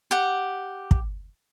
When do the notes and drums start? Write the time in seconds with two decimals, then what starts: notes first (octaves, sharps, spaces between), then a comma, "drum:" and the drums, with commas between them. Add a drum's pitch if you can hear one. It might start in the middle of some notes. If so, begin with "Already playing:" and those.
0.11 G4 F#5
0.91 drum: kick